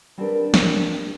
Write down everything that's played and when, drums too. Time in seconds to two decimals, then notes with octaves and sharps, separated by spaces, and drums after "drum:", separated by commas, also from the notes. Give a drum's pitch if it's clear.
0.18 G3 C4 D4 G4 A#4 B4
0.54 drum: snare